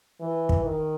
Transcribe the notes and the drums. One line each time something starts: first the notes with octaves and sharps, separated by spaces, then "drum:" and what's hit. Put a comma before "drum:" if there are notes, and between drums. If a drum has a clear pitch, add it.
E3
drum: kick
D#3